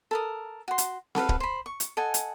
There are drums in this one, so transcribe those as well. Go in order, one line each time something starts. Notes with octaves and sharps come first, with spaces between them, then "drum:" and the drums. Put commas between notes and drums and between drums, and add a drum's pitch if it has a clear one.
A4 A#4 D#6
F#4 C6
drum: hi-hat
F#4 A4 B4 F5, drum: snare C4
drum: kick
C5 B5
C#6
drum: hi-hat
A4 D#5 F#5 G#5
drum: hi-hat